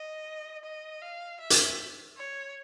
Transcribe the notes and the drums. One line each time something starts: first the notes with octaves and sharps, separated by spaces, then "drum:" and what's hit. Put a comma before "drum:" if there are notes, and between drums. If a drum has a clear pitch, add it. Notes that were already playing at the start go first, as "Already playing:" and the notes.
Already playing: D#5
D#5
F5
E5
drum: hi-hat
C#5